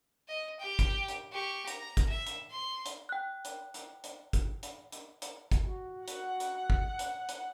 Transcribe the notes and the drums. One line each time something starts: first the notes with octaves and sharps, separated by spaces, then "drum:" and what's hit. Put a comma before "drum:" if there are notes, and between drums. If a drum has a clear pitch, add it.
D#5
G4 G5
drum: kick, hi-hat
drum: hi-hat
G4 C#6
A#5, drum: hi-hat
drum: kick, hi-hat
E5
drum: hi-hat
C6
drum: hi-hat
G5 F#6
drum: hi-hat
drum: hi-hat
drum: hi-hat
drum: kick, hi-hat
drum: hi-hat
drum: hi-hat
drum: hi-hat
drum: kick, hi-hat
F#4
F#5, drum: hi-hat
drum: hi-hat
drum: kick
drum: hi-hat
drum: hi-hat